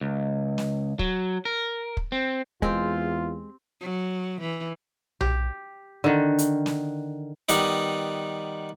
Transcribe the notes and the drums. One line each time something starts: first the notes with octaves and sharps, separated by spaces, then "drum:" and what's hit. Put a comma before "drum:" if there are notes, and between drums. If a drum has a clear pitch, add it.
C#2
drum: snare
F#3, drum: kick
A#4
drum: kick
C4
E2 G#3 C4 F4 G4, drum: kick
F#3
E3
G4, drum: tom B1
D3 D#3
drum: hi-hat
drum: snare
D#3 G3 B3 D#4, drum: hi-hat